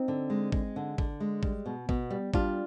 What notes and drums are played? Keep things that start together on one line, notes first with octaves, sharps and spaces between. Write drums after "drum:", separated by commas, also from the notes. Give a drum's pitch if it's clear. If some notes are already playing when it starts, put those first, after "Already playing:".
Already playing: C4 D#4
D3
G#3
G#3, drum: kick
D3
D3, drum: kick
G#3
G3, drum: kick
B2
B2, drum: kick
G3
G3 D4 F4, drum: kick